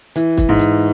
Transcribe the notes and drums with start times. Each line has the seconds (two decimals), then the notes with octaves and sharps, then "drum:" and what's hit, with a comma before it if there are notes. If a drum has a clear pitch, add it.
0.16 E3, drum: hi-hat
0.37 drum: kick, hi-hat
0.49 G#2
0.59 drum: hi-hat